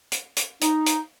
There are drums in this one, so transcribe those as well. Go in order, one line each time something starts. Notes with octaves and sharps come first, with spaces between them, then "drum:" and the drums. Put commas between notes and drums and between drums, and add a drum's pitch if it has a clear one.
drum: hi-hat
drum: hi-hat
D#4, drum: hi-hat
drum: hi-hat